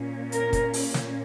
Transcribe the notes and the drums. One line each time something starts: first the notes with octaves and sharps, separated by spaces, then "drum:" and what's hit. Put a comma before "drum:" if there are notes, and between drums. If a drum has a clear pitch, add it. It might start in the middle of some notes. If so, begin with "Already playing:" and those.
Already playing: A#2 A#3 C#4
A#4, drum: hi-hat
drum: kick, hi-hat
drum: open hi-hat
drum: snare